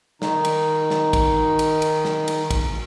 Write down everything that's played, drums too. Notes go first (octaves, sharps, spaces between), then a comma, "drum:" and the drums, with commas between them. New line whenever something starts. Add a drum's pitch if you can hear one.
D#3 D#4, drum: snare
drum: cymbal
drum: snare
drum: kick, cymbal
drum: cymbal
drum: cymbal
drum: snare
drum: cymbal
drum: kick, cymbal